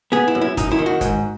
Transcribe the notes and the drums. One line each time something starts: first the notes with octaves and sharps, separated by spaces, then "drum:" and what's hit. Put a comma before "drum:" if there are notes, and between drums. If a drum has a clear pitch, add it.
B3 G#4
E4
F#2
E4
F#2 D#4, drum: kick, hi-hat
E4
D#3
F#4
G#2, drum: kick, hi-hat